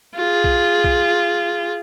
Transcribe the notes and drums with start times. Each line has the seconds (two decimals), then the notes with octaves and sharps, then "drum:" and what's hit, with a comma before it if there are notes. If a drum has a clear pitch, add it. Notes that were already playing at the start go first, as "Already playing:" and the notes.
0.16 F4 G#4
0.44 drum: kick B1
0.84 drum: kick B1